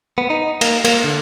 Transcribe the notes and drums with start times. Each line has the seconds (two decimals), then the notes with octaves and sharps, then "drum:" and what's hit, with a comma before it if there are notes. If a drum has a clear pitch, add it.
0.18 B3
0.30 D#4
0.61 A#3, drum: cymbal
0.85 A#3, drum: cymbal
1.04 D3